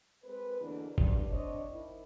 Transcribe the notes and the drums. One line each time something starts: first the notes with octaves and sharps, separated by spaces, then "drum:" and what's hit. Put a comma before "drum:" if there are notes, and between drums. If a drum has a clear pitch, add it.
G#3 C4 A#4 B4
E2 B2 D3 E3 A#3 D4
G2 C3 G3, drum: kick F#1
C4 D4 C5 C#5 D#5
D#3 E4